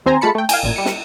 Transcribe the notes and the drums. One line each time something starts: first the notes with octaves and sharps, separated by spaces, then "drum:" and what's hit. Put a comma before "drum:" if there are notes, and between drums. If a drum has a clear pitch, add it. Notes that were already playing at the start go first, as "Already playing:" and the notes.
D#2 C4 C5 G#5 A#5
G#3 A3 F4 A5 B5 C#7
A3 G5
F5 G5 G#5, drum: cymbal
A1 A#2 G#6
G3 C#7
drum: snare